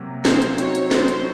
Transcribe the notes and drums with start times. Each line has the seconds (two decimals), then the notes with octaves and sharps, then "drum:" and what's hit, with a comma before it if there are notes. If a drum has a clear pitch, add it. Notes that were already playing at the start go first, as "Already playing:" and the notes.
Already playing: C3 F#3 A#3
0.25 C5, drum: snare
0.42 drum: hi-hat
0.58 F#3 C4 D#4 F#4 C#5, drum: hi-hat
0.75 drum: hi-hat
0.91 C5, drum: snare
1.08 drum: hi-hat